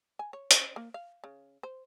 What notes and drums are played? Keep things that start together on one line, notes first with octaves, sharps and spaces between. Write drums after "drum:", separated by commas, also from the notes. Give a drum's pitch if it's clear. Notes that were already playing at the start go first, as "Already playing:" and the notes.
G#5
C#5
C#4, drum: hi-hat
A#3
F5
C#3
C5